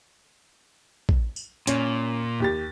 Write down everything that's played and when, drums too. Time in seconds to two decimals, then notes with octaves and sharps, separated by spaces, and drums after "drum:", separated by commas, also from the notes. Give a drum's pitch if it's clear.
1.09 drum: kick
1.36 drum: tambourine
1.67 A#2 C#4, drum: hi-hat
2.40 D#2 G4 A6